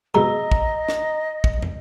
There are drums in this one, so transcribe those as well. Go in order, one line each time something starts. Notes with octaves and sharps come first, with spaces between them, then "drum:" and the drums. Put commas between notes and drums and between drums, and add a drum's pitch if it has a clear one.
C2 G#2 B2 D#5 A#5
drum: kick
drum: snare
drum: kick
drum: tom